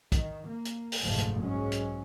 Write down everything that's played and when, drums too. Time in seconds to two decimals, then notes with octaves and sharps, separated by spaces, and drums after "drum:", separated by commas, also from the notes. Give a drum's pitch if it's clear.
0.12 D#3, drum: kick, hi-hat
0.46 A#3
0.65 drum: hi-hat
0.92 drum: open hi-hat
1.02 F#1 D#2 G#2 B2 F3 A3
1.18 drum: hi-hat
1.41 B1 G#2 F#3 G#3 C#4
1.72 drum: hi-hat